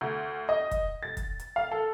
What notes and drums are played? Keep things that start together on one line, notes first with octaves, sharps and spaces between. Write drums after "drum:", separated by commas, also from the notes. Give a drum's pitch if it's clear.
D2
D#5
drum: kick, hi-hat
A6
drum: kick, hi-hat
drum: hi-hat
F5
A4